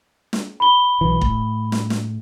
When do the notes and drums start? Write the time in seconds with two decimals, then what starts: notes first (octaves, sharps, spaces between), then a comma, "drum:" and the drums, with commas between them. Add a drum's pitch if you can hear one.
0.33 drum: snare
0.60 B5 G7
1.01 B1 E3
1.21 A2, drum: kick
1.72 drum: snare
1.90 drum: snare